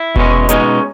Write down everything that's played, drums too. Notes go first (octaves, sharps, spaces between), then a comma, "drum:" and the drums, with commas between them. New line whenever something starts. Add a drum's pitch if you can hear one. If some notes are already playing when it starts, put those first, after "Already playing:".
Already playing: E4
B2 G#3 C#4, drum: kick F1
B2 G#3 C#4 D#4, drum: hi-hat